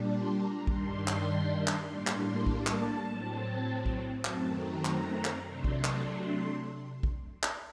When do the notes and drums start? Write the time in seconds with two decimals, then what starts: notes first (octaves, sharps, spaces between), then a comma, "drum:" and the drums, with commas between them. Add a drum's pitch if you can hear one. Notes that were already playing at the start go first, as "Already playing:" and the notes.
Already playing: A#2 G3 D4
0.09 C6
0.38 A#5
0.67 G2 D#3 G3 D4 C6, drum: kick A#1
1.08 drum: clap
1.67 drum: clap
1.87 A2 G3 A#3 D4 C6
2.07 drum: clap
2.17 C6
2.46 A5, drum: kick A#1
2.67 drum: clap
3.06 A2 F#3 C4
3.86 drum: kick A#1
4.25 F#2 D#3 F#3 A3 C4 A5, drum: clap
4.55 A#5
4.85 drum: clap
5.25 drum: clap
5.45 C3 F#3 A3 D4 C6
5.64 drum: kick A#1
5.84 drum: clap
6.04 C6
7.03 drum: kick A#1
7.43 drum: clap